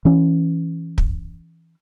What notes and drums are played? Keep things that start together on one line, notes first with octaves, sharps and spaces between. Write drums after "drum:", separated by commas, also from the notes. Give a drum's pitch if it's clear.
E3 C#4
drum: kick